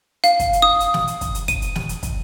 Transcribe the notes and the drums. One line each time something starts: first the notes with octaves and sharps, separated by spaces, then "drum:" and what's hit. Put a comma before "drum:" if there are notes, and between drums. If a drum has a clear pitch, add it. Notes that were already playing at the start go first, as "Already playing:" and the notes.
F5, drum: hi-hat
drum: kick, hi-hat
drum: hi-hat
D#6
drum: hi-hat
drum: snare
drum: hi-hat
drum: kick, hi-hat
drum: hi-hat
D#7, drum: kick, hi-hat
drum: hi-hat
drum: snare
drum: hi-hat
drum: kick, hi-hat